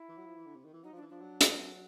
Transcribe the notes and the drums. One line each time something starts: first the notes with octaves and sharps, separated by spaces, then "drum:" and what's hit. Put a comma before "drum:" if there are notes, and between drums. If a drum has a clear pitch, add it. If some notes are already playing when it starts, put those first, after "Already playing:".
Already playing: E4
E3
F#3
F3
E3
D3
C3
D#3
E3
F#3 D#4
F3 D4
E3
F3 D4
F#3
drum: hi-hat